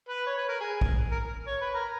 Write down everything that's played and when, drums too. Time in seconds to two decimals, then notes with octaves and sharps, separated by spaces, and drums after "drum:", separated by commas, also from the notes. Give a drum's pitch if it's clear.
0.09 B4
0.27 C#5
0.38 B4
0.49 A#4
0.61 G#4
0.81 drum: kick A#1
1.12 A#4
1.47 C#5
1.61 B4
1.75 A#4